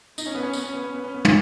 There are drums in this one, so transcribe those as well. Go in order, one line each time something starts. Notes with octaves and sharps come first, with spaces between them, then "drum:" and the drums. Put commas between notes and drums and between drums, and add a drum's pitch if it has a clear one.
D#4, drum: tambourine
C#4
B3
C#4
B3, drum: tambourine
C#4
B3
C#4
B3
C#4
B3
D#4, drum: tom